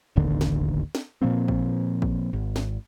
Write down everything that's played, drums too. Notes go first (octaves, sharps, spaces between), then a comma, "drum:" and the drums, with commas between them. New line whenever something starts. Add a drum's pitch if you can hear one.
E1 A1 D#2 D3
drum: snare
drum: snare
A#2 F3 A#3 C4
drum: kick
drum: kick
G#1
drum: snare